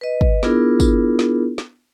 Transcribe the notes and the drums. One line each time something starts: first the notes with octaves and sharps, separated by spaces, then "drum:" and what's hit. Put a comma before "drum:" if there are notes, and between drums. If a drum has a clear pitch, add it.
B4 D#5
drum: kick
B3 D4 E4 F4 G#4 A#4, drum: snare
drum: kick, tambourine
drum: snare
drum: snare